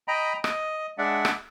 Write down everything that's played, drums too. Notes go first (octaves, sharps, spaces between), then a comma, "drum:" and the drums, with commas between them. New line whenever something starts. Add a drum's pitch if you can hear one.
D#5 G5 A#5 B5
D#5, drum: rim click
G#3 D4 D5 E5 F#5
drum: rim click